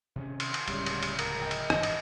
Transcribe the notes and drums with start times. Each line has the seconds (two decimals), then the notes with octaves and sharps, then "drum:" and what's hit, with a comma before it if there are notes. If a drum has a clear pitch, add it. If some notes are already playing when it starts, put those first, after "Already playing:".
0.16 C3 D#3 C#4
0.40 C6, drum: cymbal
0.54 drum: cymbal
0.68 D1 C#2 G3 C#4, drum: cymbal
0.86 drum: cymbal
1.03 drum: cymbal
1.19 A#4, drum: cymbal
1.42 D#5 G5
1.51 drum: cymbal
1.70 G#1 G2 B2 E3 D#5, drum: rim click
1.83 drum: cymbal